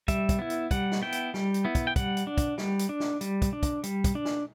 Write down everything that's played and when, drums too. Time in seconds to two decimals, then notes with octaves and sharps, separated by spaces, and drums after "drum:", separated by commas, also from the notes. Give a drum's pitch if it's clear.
0.08 G3 E5, drum: kick, hi-hat
0.29 drum: kick, hi-hat
0.39 B3 E4
0.50 drum: hi-hat
0.71 G3 F#5, drum: kick, hi-hat
0.92 drum: snare
1.02 B3 E4 G5
1.12 drum: hi-hat
1.34 G3, drum: snare
1.54 drum: hi-hat
1.65 B3 E4
1.75 drum: kick, hi-hat
1.87 G5
1.96 G3 F#5, drum: kick, hi-hat
2.17 drum: hi-hat
2.27 D4
2.38 drum: kick, hi-hat
2.58 G3, drum: snare
2.79 drum: hi-hat
2.89 D4
3.00 drum: snare
3.21 G3, drum: hi-hat
3.42 drum: kick, hi-hat
3.53 D4
3.63 drum: kick, hi-hat
3.84 G3, drum: hi-hat
4.04 drum: kick, hi-hat
4.15 D4
4.25 drum: snare